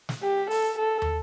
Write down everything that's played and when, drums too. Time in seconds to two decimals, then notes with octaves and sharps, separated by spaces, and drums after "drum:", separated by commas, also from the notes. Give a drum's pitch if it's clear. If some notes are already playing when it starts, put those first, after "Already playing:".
0.09 drum: snare
0.22 G4
0.51 A4, drum: open hi-hat
0.79 A4
1.02 drum: tom